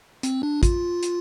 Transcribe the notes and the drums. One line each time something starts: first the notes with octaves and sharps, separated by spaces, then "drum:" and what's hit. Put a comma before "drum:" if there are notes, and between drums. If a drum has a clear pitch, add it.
C4, drum: hi-hat
D4
F4, drum: kick, hi-hat
drum: hi-hat